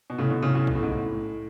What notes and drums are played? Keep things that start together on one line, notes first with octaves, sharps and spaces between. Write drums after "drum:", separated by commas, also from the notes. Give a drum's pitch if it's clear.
B2
A2 C#3
B2 D3
A2 C#3
A2 C#3
B2, drum: kick B1
A2
G#2
A2